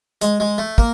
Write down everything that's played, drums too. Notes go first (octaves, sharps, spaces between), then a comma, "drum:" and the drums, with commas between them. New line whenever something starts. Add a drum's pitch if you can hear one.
G#3, drum: hi-hat
G#3
A3
A#3, drum: kick